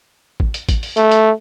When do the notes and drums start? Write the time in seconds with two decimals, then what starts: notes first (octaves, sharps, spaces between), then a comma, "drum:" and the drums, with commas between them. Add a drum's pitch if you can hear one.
0.40 drum: kick A1
0.54 drum: hi-hat
0.69 drum: kick A1, hi-hat
0.83 drum: open hi-hat
0.97 A3, drum: hi-hat
1.12 drum: hi-hat